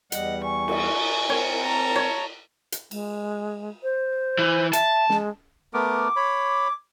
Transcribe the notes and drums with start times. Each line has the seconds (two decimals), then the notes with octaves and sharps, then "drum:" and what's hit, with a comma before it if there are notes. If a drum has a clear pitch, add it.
0.12 E2 G3 D#5 F#5, drum: hi-hat
0.44 G#5 C#6
0.68 drum: cymbal
1.30 C4 A#4 C#5
1.63 A5 A#5
1.96 C#5
2.72 drum: hi-hat
2.91 G#3, drum: cymbal
3.83 C5
4.38 E3
4.73 E5 A5, drum: hi-hat
5.09 G#3, drum: snare
5.74 A3 B3 A#4 D6
6.16 C#5 B5